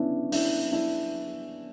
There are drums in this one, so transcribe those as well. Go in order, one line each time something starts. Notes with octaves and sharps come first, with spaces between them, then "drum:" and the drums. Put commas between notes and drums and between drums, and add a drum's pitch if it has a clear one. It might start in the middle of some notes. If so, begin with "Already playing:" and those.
Already playing: B3 C#4 D4 E4
D4 E4, drum: open hi-hat
D4 E4